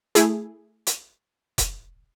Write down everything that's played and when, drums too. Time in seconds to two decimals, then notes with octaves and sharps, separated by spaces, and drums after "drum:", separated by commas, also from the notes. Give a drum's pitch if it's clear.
0.15 A3 E4 G#4, drum: hi-hat
0.87 drum: hi-hat
1.58 drum: kick F1, hi-hat